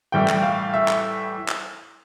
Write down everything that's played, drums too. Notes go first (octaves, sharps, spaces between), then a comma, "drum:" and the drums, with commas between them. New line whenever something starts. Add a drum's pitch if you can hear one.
A2 E3 G3 G5
drum: clap
F5
E5
drum: clap
drum: clap